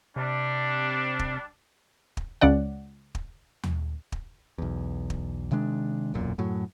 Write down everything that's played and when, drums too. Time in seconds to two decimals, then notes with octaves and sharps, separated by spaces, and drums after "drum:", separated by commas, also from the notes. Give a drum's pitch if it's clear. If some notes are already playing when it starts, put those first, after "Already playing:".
0.16 C3 G3 D4
1.19 drum: kick
2.17 drum: kick
2.41 C#2 C#3 D5 F#5
3.15 drum: kick
3.63 drum: tom D#2
4.12 drum: kick
4.58 B1 E2
5.10 drum: kick
5.51 C3 D#3 G#3 D4
6.14 E1 B1 F#2 A#2
6.38 F#2 A2 F#3